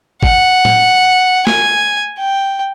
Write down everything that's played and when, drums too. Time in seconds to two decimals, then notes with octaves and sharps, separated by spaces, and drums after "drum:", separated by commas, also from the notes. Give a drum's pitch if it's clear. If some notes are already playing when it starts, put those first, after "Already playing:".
0.23 F#5, drum: kick
0.65 drum: tom A2
1.47 G#5, drum: snare
2.19 G5